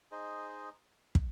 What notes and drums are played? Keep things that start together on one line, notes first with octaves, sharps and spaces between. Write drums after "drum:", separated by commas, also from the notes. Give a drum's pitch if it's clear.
D#4 G#4 C5 D#5
drum: kick